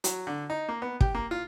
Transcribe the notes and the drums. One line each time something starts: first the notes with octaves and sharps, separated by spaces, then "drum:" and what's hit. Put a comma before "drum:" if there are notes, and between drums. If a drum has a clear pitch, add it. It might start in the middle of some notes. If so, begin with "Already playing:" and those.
F#3, drum: hi-hat
D3
D#4
A#3
B3
G4, drum: kick
A#3
F4